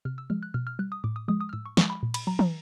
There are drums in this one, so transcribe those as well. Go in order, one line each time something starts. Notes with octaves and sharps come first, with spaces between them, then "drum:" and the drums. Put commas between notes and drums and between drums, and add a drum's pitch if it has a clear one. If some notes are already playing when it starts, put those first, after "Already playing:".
C3 F6
E6
F3 G#3 F6
F#6
B2 F6
F6
G3 F#6
D#6
A2 D6
D#6
F3 G#3 D#6
D#6
F6
A2 E6
C#6
F3 G#3 C#6, drum: snare
B5
A#2
B5, drum: cymbal
F#3 A#5
A#5, drum: tom